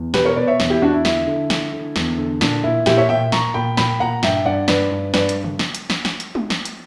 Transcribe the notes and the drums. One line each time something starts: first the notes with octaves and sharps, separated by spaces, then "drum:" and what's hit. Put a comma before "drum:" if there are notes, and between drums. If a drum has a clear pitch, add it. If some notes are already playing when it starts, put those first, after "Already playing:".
Already playing: E2
B2 G4 B4, drum: snare
A#4 C#5
B2 B4 D5
C#5 E5
E2, drum: snare
E4 G4
E2 D4 F#4
E4
D3 E4, drum: snare
D3
D3, drum: snare
D3
E2, drum: snare
D3
A#2 D4, drum: snare
A#2 E4
A#2 E4 G4, drum: snare
C#5 E5
A#2 E5 G5
A#2 A#5 C#6, drum: snare
A#2 G5 B5
A#2 G5 B5, drum: snare
A#2 F#5 A#5
G2 E5 G5, drum: snare
G2 D5 F#5
G2 B4 D5, drum: snare
G2
G2 B4 D5, drum: snare
drum: hi-hat
drum: tom C3
drum: snare
drum: hi-hat
drum: snare
drum: snare
drum: hi-hat
drum: tom G#3
drum: snare
drum: hi-hat